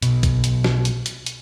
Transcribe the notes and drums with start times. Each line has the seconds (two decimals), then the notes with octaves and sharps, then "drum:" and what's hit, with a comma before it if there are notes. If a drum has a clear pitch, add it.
0.02 B1 B2, drum: hi-hat
0.23 drum: kick A#1, hi-hat
0.44 drum: hi-hat
0.64 drum: snare
0.85 drum: hi-hat
1.06 drum: hi-hat
1.26 drum: hi-hat